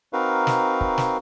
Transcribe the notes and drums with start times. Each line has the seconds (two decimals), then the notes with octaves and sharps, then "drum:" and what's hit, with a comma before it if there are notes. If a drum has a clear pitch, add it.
0.13 C4 D#4 F#4 A#4 B4 F5
0.47 drum: snare
0.81 drum: kick
0.98 drum: snare